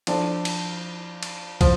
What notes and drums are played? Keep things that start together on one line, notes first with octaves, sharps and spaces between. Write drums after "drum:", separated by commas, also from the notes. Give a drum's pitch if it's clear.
F3 D4 A4, drum: cymbal
drum: cymbal
drum: cymbal
F3, drum: kick, cymbal